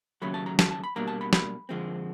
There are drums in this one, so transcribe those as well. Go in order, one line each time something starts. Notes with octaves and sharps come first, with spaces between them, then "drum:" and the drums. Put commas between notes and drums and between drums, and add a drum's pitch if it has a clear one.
D#2 C#3 F#3 A3 B5
A5
A#5
A5, drum: snare
A5
B5
B2 G3 A#3 D4 A#5
A5
B5
B5, drum: snare
F2 D3 F3 G#3 C4